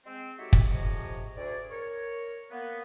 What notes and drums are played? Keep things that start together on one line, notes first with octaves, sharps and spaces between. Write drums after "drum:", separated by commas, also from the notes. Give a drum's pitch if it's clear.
G#3 C4
D#4 F#4 G4 A4 C#5 E5
drum: kick
F2 G#2 C3 F3 C#5 D#5
D2 G#4 D5
A#4 C#5
A#3 B3